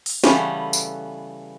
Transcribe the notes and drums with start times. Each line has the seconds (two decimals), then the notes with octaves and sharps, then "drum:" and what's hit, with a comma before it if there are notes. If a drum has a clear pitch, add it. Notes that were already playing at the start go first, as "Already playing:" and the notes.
0.06 drum: open hi-hat
0.24 C#3 E3 G3 A3 B3, drum: snare
0.73 drum: tambourine